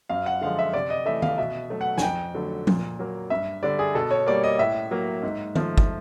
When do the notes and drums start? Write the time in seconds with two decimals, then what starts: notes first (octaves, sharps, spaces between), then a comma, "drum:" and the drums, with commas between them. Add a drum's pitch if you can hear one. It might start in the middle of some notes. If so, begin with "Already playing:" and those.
0.09 F#2 F5
0.26 F#5
0.41 D3 F3 G#3 F5
0.59 E5
0.73 C3 D5
0.90 D#5
1.06 E3 A3 E5
1.22 F5, drum: tom D#3
1.38 B2 E5
1.70 F#3 A3
1.81 F#5
1.98 G#5, drum: snare
2.02 F2 G5
2.34 D3 F#3 A3
2.67 A#2, drum: tom F3
2.99 F#3 A#3
3.30 G2 E5
3.63 D3 G3 D5
3.79 G#4
3.94 B2 A4
4.11 C#5
4.26 G3 A#3 D5
4.44 D#5
4.59 A2 E5
4.91 F#3 A#3
5.23 G#2
5.55 F3 A3, drum: tom D#3
5.78 drum: kick